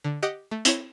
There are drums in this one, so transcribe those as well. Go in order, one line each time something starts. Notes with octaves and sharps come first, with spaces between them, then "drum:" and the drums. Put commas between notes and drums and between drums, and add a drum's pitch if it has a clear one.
D3
G4 D#5 F#5 D6 D#6
A3
C4 E4 C#5, drum: hi-hat